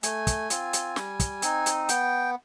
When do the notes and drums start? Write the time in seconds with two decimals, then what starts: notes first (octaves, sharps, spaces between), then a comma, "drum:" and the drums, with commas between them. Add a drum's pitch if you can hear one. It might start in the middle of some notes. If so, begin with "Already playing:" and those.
0.03 A3 G#5, drum: hi-hat
0.27 drum: kick, hi-hat
0.50 C4 F4, drum: hi-hat
0.73 drum: hi-hat
0.96 G3, drum: snare
1.20 drum: kick, hi-hat
1.42 C4 D#4, drum: hi-hat
1.66 drum: hi-hat
1.89 B3 G5, drum: hi-hat